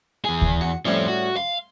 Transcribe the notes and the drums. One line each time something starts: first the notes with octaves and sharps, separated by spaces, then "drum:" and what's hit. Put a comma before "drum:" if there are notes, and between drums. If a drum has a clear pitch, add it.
E2 G#4
drum: kick D2
F#4
A2 F3 G3 C4 C#4
F#4
F5 C6